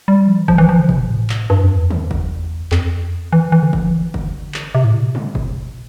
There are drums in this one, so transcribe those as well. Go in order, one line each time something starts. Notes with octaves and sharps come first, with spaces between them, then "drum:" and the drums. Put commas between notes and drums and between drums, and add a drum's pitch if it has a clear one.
G3
F3
E3
F3, drum: kick F#1
E3
F3
D3
C3, drum: kick F#1
B2
A2
drum: clap
G2
F2
E2
drum: tom
drum: kick F#1
F2, drum: clap
E3
E3
D3
E3, drum: kick F#1
F3
E3
D3, drum: kick F#1
drum: clap
C3
A2
B2
C3
D3, drum: tom
C3, drum: kick F#1
B2